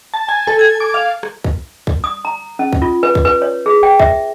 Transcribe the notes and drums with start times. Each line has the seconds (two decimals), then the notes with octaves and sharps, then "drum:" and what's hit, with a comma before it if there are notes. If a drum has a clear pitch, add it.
0.14 A5
0.29 G#5
0.47 A4
0.59 G#6
0.80 D6
0.94 F5
1.23 drum: rim click
1.44 drum: kick
1.87 drum: kick
2.04 D#6
2.25 A#5
2.59 C#4
2.73 drum: kick
2.82 F4
3.03 B4
3.15 drum: kick
3.25 B4
3.42 C#5
3.66 G#4
3.83 G5
4.00 E5, drum: kick